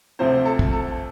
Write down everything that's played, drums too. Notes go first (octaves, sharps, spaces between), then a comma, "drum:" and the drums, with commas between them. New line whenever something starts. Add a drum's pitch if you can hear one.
D2 C3 F3 A3 C4 C5
A4
drum: kick
A4